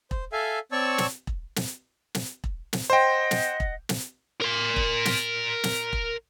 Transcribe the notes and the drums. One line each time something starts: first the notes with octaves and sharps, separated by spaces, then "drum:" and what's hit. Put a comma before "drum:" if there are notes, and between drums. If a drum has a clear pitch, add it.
C5, drum: kick E1
A4 E5 F5 G#5
C4 C#5 D5 A5 C#6 E6
drum: snare
drum: kick E1
drum: snare
drum: snare
drum: kick E1
drum: snare
C5 D#5 F#5 G5
drum: snare
drum: kick E1
drum: snare
A#4 C6
drum: kick E1
drum: snare
drum: snare
drum: kick E1